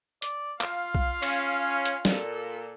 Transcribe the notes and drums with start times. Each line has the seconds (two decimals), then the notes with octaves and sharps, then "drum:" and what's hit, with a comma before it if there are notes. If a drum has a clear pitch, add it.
0.22 D5, drum: hi-hat
0.61 F4 F5, drum: clap
0.95 drum: kick B1
1.23 C#4, drum: cymbal
1.85 drum: hi-hat
2.05 A#2 A4, drum: snare